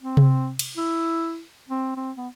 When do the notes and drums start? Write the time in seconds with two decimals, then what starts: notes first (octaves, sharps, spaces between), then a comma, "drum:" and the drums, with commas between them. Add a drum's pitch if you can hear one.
0.02 C4
0.17 drum: tom C3
0.59 drum: cymbal
0.77 E4
1.69 C4
1.97 C4
2.17 B3